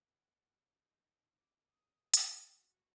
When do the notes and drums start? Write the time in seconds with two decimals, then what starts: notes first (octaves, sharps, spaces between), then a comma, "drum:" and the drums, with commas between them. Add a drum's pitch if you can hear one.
0.13 F#5
0.68 D#4
1.36 D6
1.69 D#6
2.14 A6, drum: hi-hat
2.59 F#4